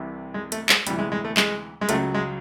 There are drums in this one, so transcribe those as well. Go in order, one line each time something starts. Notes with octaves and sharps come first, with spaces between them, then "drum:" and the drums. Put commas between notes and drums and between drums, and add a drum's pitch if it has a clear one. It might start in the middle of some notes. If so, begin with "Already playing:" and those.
Already playing: C2 C3 E3
G#3
A3, drum: hi-hat
G#3, drum: clap
D2 C3 E3 G3, drum: hi-hat
G#3
G#3
A3
G#3, drum: clap
G#3
C#2 C#3 F#3 A3, drum: hi-hat
G#3